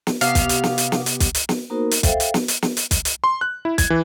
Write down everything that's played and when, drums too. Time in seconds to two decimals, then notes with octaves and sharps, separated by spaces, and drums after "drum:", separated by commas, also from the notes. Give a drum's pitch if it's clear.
0.07 drum: snare
0.21 C3 B3 G4 F5, drum: hi-hat
0.35 drum: kick, hi-hat
0.49 drum: hi-hat
0.64 drum: snare
0.78 drum: hi-hat
0.92 drum: snare
1.06 drum: hi-hat
1.20 drum: kick, hi-hat
1.35 drum: hi-hat
1.49 drum: snare
1.70 A#3 B3 D#4 F#4 A#4 C5
1.91 drum: hi-hat
2.03 A4 C5 E5 F5 G5, drum: kick, hi-hat
2.20 drum: hi-hat
2.34 drum: snare
2.48 drum: hi-hat
2.62 drum: snare
2.77 drum: hi-hat
2.91 drum: kick, hi-hat
3.05 drum: hi-hat
3.24 C6
3.41 F#6
3.65 E4
3.78 G#6, drum: kick, hi-hat
3.90 E3